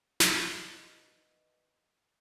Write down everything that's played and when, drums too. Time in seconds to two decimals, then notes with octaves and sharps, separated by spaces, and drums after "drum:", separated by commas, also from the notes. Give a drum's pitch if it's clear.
0.20 D#3 E3 B3 D#4, drum: snare